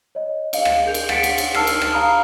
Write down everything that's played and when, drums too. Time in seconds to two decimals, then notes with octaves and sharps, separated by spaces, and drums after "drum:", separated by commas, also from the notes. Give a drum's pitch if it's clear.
0.15 C#5 D#5
0.53 D#5 F5, drum: cymbal
0.65 drum: rim click
0.85 G#4 A#4 G6 F7
0.94 drum: cymbal
1.09 F5 F#5 A6 B6 C#7 D7, drum: rim click
1.23 drum: cymbal
1.38 drum: cymbal
1.55 D#4 A#4 A5 E6 F6 C7, drum: rim click
1.67 drum: cymbal
1.81 drum: rim click
1.92 F5 A#5 B5 D#6 F6